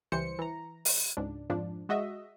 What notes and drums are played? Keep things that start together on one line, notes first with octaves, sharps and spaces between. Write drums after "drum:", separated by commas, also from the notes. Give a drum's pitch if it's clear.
C#2 E3 G3 C5 C#7
E3 A#5
drum: open hi-hat
C#2 G#2 D4
F2 G#2 F3 D4
G#3 F#4 D#5 E5